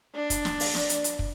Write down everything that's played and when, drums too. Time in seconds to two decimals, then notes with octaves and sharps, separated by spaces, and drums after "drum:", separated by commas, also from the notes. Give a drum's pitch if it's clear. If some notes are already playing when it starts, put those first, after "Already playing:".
0.15 D4
0.30 drum: kick, hi-hat
0.45 drum: snare
0.60 drum: open hi-hat
0.75 drum: snare
0.89 drum: hi-hat
1.04 drum: hi-hat
1.19 drum: kick